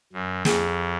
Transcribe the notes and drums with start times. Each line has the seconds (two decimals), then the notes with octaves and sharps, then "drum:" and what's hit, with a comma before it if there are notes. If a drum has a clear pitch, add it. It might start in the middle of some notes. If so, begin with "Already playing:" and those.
0.13 F#2
0.45 F2 G#4, drum: snare